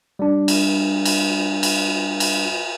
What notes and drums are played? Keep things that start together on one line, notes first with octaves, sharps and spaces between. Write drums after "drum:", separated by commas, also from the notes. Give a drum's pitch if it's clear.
G3 D4
drum: cymbal
drum: cymbal
drum: cymbal
drum: cymbal